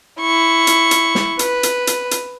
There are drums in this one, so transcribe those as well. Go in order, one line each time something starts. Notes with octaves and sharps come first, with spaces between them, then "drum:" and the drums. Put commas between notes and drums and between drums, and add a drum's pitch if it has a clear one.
E4 C#6
drum: hi-hat
drum: hi-hat
drum: snare
B4, drum: hi-hat
drum: hi-hat
drum: hi-hat
drum: hi-hat